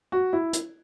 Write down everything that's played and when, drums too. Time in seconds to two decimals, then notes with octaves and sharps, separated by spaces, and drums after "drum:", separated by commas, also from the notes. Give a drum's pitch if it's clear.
0.12 F#4
0.33 E4
0.53 drum: hi-hat